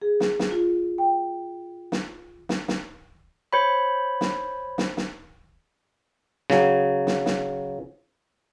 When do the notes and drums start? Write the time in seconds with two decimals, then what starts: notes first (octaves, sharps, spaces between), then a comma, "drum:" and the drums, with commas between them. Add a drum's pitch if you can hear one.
0.02 G#4
0.20 drum: snare
0.39 drum: snare
0.51 F4
0.98 G5
1.92 drum: snare
2.49 drum: snare
2.68 drum: snare
3.53 C5 C#5 B5
4.21 drum: snare
4.78 drum: snare
4.97 drum: snare
6.50 C#3 F#3, drum: snare
7.07 drum: snare
7.26 drum: snare